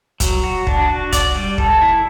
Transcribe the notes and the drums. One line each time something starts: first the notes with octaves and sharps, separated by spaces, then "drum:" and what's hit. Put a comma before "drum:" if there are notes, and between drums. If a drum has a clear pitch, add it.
F#3, drum: kick, hi-hat
F#4
D4, drum: kick
F#4
D5, drum: kick, hi-hat
G3
A4, drum: kick
E4